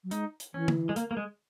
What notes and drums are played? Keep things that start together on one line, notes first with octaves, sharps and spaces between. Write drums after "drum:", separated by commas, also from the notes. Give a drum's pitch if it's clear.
F#3
G#3 D#4, drum: hi-hat
drum: hi-hat
E3 C#4
drum: tom D3
G#3
A#3, drum: hi-hat
A#3
G#3